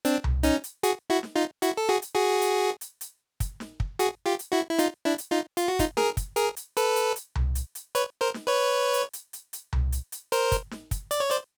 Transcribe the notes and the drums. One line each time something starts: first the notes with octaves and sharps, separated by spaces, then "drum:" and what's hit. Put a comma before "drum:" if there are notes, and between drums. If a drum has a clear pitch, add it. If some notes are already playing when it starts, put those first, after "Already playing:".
C4 D4, drum: hi-hat
drum: tom C2
C#4 D#4, drum: hi-hat
drum: hi-hat
F#4 G#4, drum: hi-hat
E4 F#4
drum: snare
D#4 F4
E4 F#4, drum: hi-hat
A4
F#4 G#4
drum: hi-hat
F#4 G#4
drum: hi-hat
drum: hi-hat
drum: hi-hat
drum: kick, hi-hat
drum: snare
drum: kick
F#4 G#4, drum: hi-hat
F4 G4
drum: hi-hat
E4 F#4
E4
D#4 F4, drum: hi-hat
D4 E4
drum: hi-hat
D#4 F4
F4, drum: hi-hat
F#4
D#4 F4, drum: kick, hi-hat
G#4 A#4, drum: snare
drum: kick, hi-hat
G#4 A#4, drum: hi-hat
drum: hi-hat
A4 B4, drum: hi-hat
drum: hi-hat
drum: hi-hat
drum: tom C2
drum: hi-hat
drum: hi-hat
B4 C#5, drum: hi-hat
A#4 C5
drum: snare
B4 C#5
drum: hi-hat
drum: hi-hat
drum: hi-hat
drum: hi-hat
drum: tom C2
drum: hi-hat
drum: hi-hat
A#4 C5, drum: hi-hat
drum: kick, hi-hat
drum: snare
drum: kick, hi-hat
D5, drum: hi-hat
C#5
C5 D5, drum: hi-hat